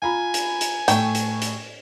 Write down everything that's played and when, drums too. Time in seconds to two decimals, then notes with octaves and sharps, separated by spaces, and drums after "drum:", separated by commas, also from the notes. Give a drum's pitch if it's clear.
0.02 F4 G#5 A#5 B5
0.34 drum: hi-hat
0.61 drum: hi-hat
0.88 A2 A3 G5, drum: hi-hat
1.15 drum: hi-hat
1.42 drum: hi-hat